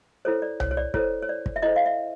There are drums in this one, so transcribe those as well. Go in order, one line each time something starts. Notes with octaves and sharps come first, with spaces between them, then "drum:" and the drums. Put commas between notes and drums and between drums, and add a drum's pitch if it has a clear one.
E4 A4 C5 C#5
D5
C#5, drum: tom C2
C#5
D5
E4 A4 C5 C#5, drum: kick
C#5
D5
drum: kick
E5
E4 A4 C5 D#5
F5
E5